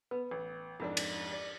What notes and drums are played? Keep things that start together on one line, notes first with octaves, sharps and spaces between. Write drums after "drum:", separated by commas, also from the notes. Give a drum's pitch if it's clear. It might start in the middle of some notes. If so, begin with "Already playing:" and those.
B3 B4
A1
F2 G#2 D4 E4 A#4 D#5
drum: cymbal
D5